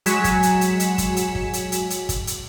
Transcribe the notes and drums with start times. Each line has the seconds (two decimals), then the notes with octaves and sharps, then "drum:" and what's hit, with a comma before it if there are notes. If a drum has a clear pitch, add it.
0.06 F#3 G#3 G#5 B6 C#7 E7, drum: hi-hat
0.24 drum: kick, hi-hat
0.43 drum: hi-hat
0.61 drum: hi-hat
0.80 drum: hi-hat
0.98 drum: kick, hi-hat
1.17 drum: hi-hat
1.35 drum: kick
1.53 drum: hi-hat
1.72 drum: hi-hat
1.90 drum: hi-hat
2.09 drum: kick, hi-hat
2.27 drum: hi-hat